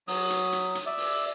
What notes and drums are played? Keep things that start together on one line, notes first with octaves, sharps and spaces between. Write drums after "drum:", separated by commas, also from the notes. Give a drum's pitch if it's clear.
F#3 D#6, drum: open hi-hat
drum: hi-hat
drum: hi-hat
drum: hi-hat
D5 E5
drum: open hi-hat